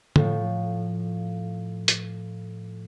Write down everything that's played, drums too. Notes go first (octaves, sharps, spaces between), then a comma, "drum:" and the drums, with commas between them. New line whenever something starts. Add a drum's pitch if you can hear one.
A2 F3, drum: tom
drum: hi-hat